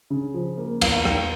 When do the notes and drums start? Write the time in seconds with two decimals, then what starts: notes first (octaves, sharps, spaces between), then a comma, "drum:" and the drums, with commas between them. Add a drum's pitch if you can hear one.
0.10 C#3
0.34 F3
0.58 A#3
0.81 E2 F5, drum: cymbal
0.97 F5
1.05 E2 G5, drum: rim click